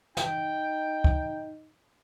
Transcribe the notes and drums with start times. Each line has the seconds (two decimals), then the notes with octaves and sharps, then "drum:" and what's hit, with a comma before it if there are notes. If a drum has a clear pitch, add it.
0.17 D#4 G5, drum: snare
1.04 drum: kick